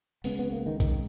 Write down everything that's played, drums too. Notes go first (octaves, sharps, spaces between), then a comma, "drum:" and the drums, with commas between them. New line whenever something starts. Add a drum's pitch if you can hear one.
C#2 C#3 B3, drum: open hi-hat
B3
A#3
D#3
D#3, drum: kick, hi-hat